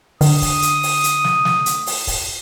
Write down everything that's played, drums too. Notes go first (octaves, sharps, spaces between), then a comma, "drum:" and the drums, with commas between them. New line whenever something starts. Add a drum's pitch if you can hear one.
D3 D#6, drum: open hi-hat
drum: kick, open hi-hat
drum: hi-hat
drum: open hi-hat
drum: hi-hat
drum: snare
drum: snare
drum: hi-hat
drum: open hi-hat
drum: kick, open hi-hat